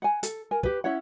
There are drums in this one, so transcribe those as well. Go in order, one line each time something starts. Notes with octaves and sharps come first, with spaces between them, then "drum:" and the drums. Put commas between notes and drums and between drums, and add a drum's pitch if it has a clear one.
F#5 G#5
A4, drum: hi-hat
A#4 G#5
G4 B4, drum: kick
C#4 E4 C#5 F#5